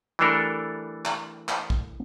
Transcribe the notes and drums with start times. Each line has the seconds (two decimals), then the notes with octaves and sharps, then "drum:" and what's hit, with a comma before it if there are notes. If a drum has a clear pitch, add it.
0.19 E3 G3 A3 D4 A4 A#4
1.05 drum: clap
1.48 drum: clap
1.70 drum: kick